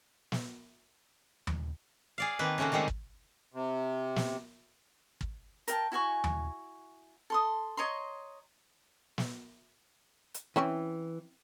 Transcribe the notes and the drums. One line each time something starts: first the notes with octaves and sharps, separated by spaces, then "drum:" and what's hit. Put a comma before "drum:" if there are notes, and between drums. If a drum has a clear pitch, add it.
drum: snare
drum: tom D#2
G#4 D5 F5
D#3 A#3 C4 B4
C#3 A3 A#3 C#4 F#4
D#3 G3 G#3 C4 D#4
drum: kick
C3
drum: snare
drum: kick
A#4 G5 A5, drum: hi-hat
E4 F#4 G#5 C#6
drum: tom D#2
A4 C6 D#6
C#5 D#5 A#5 C6
drum: snare
drum: hi-hat
E3 C4 C#4 E4